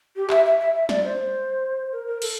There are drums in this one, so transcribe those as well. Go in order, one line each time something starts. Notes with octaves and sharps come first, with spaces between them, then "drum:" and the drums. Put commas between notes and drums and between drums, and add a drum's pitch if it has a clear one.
G4
E5, drum: clap
E5
E5
E5
D5, drum: snare
C5
A#4
A#4
A4, drum: cymbal